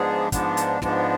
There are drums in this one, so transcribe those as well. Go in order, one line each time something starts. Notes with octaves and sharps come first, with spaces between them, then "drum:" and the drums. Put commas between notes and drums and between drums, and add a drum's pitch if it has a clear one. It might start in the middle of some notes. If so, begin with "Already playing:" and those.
Already playing: G#2 F3 G#3 B3 D4 G#4
G#2 F3 G#3 B3 D4, drum: kick, hi-hat
drum: hi-hat
G#2 F3 G#3 B3 D4, drum: snare